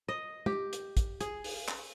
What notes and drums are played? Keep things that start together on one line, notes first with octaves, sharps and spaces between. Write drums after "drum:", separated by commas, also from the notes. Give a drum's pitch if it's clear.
D#5
G4, drum: tom
drum: hi-hat
drum: kick, hi-hat
G#4, drum: hi-hat
drum: open hi-hat
drum: clap